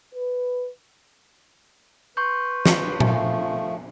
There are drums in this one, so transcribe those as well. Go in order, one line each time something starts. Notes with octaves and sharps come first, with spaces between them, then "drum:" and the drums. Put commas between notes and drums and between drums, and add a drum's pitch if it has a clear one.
B4
B4 C6 C#6 G6
drum: snare
F3 A3, drum: tom A#2